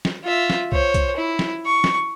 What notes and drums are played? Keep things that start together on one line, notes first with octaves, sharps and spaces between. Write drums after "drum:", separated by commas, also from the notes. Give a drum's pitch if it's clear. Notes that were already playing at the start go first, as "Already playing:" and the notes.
drum: snare
F4 E5
drum: snare
C5 C#5, drum: kick
drum: kick, hi-hat
E4
drum: snare
C#6
drum: snare